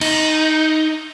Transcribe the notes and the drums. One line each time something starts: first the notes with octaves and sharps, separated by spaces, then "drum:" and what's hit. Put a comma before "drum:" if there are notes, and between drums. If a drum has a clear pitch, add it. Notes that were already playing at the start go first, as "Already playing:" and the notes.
D#4, drum: cymbal